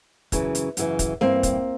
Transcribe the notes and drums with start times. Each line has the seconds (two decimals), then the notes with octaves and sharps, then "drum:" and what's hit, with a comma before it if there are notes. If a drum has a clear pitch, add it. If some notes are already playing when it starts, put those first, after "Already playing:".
0.32 F#2 C#3 E3, drum: kick, hi-hat
0.55 drum: hi-hat
0.77 F#2 C#3 E3, drum: hi-hat
0.99 drum: kick, hi-hat
1.21 G2 E3 A#3 C4, drum: snare
1.43 drum: kick, hi-hat